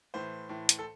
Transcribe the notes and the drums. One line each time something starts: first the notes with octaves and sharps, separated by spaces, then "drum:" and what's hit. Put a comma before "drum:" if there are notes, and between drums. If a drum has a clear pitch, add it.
A2 E3 C5
A2 E3
drum: hi-hat
A4